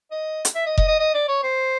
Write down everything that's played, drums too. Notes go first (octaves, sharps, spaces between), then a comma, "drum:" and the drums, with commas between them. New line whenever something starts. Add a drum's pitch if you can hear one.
D#5
drum: hi-hat
E5
D#5
D#5, drum: kick F1
D#5
D#5
D5
C#5
C5